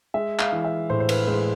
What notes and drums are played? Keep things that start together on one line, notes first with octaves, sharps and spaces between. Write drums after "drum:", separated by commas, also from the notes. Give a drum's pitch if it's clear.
G#3 E5
F5, drum: clap
E3
E5
A2 C5
C5
B4, drum: cymbal
G#3 C5